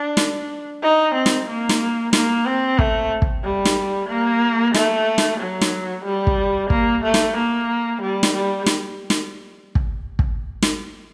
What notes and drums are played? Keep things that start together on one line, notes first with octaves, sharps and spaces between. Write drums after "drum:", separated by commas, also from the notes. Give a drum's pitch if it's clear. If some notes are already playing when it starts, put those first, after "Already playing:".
Already playing: D4
drum: snare
D#4
C4
drum: snare
A#3
drum: snare
A#3, drum: snare
C4
A3, drum: kick
drum: kick
G3
drum: snare
A#3
A3, drum: snare
drum: snare
F#3
drum: snare
G3
drum: kick
A#3, drum: kick
A3
drum: snare
A#3
G3
drum: snare
G3
drum: snare
drum: snare
drum: kick
drum: kick
drum: snare